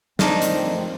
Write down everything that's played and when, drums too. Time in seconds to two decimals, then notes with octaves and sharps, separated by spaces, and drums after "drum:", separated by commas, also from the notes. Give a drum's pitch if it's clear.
0.19 D#3 F3 A3 C4 D4 D#4, drum: snare
0.42 drum: hi-hat